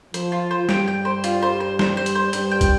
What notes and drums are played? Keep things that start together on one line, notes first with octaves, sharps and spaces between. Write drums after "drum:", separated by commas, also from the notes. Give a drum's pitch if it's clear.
F3 C5, drum: hi-hat
F4
C5
G2 G3 G5, drum: snare
G5
C5
F4, drum: hi-hat
C5
C5
C5, drum: snare
C5
drum: hi-hat
C5
G2 G3 C5, drum: hi-hat
G5
drum: kick, hi-hat